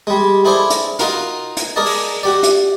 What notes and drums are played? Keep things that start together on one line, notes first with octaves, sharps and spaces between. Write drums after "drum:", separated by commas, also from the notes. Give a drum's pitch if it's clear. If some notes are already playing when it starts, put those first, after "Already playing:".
G3 G#3
E4 G#4 A4 C5 D5
drum: hi-hat
D#4 F4 F#4 A#4 F5, drum: hi-hat
drum: hi-hat
G#4 A#4 D5 D#5 A5
drum: open hi-hat
F#4 G4 D5
drum: hi-hat